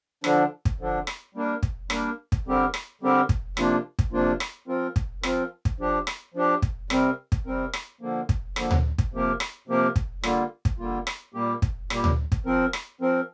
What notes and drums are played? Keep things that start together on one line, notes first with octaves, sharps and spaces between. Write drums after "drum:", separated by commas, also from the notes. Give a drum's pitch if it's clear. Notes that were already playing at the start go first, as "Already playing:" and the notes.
D3 F3 D4, drum: rim click
drum: kick
D3 F3 D4
drum: rim click
G3 A#3 D4 A#4
drum: kick
G3 A#3 D4 A#4, drum: rim click
drum: kick
D3 G3 C4 G4 A#4
drum: rim click
D3 G3 C4 G4 A#4
drum: kick
C3 F3 A#3 D4 F4, drum: rim click
drum: kick
C3 F3 A#3 D4 F4
drum: rim click
F3 C4 F4 A#4
drum: kick
F3 C4 F4 A#4, drum: rim click
drum: kick
F3 D4 G4
drum: rim click
F3 D4 G4
drum: kick
C3 G3 C4 A#4, drum: rim click
drum: kick
C3 G3 C4 A#4
drum: rim click
D3 F3 A#3
drum: kick
D3 F3 A#3, drum: rim click
drum: tom D2
drum: kick
C3 F3 A#3 G4 A#4
drum: rim click
C3 F3 A#3 G4 A#4
drum: kick
D3 G3 A#3 F4, drum: rim click
drum: kick
D3 G3 A#3 F4
drum: rim click
A#2 G3 A#3 G4
drum: kick
A#2 G3 A#3 G4, drum: rim click
drum: tom D2
drum: kick
F3 C4 A#4
drum: rim click
F3 C4 A#4